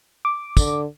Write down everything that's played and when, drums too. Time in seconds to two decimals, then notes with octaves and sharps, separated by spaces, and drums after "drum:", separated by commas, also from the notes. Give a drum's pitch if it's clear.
0.25 D6
0.57 D3, drum: kick, tambourine